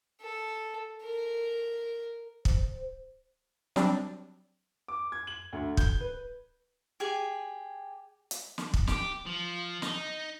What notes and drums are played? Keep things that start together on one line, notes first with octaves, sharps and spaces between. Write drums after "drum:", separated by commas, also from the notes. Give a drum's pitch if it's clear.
A4
A#4
C5, drum: kick
F#3 G3 C4 D4, drum: snare
D6
G#6
F#7
D2
G6, drum: kick
B4
G4 G#4 G#5
drum: hi-hat
drum: snare
drum: kick
G4, drum: snare
F3
D#4, drum: snare